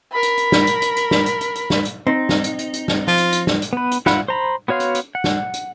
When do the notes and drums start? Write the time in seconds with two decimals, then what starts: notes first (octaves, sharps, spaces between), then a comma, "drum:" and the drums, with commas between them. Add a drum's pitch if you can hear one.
0.12 A#4 B5
0.23 drum: hi-hat
0.37 drum: hi-hat
0.52 drum: snare
0.67 drum: hi-hat
0.82 drum: hi-hat
0.96 drum: hi-hat
1.11 drum: snare
1.26 drum: hi-hat
1.41 drum: hi-hat
1.55 drum: hi-hat
1.70 drum: snare
1.85 drum: hi-hat
2.07 C4 D#4
2.29 drum: snare
2.44 drum: hi-hat
2.59 drum: hi-hat
2.73 drum: hi-hat
2.88 drum: snare
3.08 F3 F4
3.18 drum: hi-hat
3.32 drum: hi-hat
3.47 drum: snare
3.62 drum: hi-hat
3.73 B3 B4
3.91 drum: hi-hat
4.06 E4 F4 F#5 B5, drum: snare
4.28 C5 A#5 B5
4.68 B3 F#4 C#5 F5 C6
4.80 drum: hi-hat
4.95 drum: hi-hat
5.15 F#5
5.24 drum: snare
5.54 drum: hi-hat